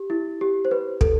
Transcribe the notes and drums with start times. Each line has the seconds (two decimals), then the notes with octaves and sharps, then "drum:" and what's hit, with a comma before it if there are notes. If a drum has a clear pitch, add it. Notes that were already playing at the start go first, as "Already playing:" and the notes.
Already playing: G4
0.10 E4
0.41 G4
0.65 C5
0.71 B4
1.01 A4, drum: kick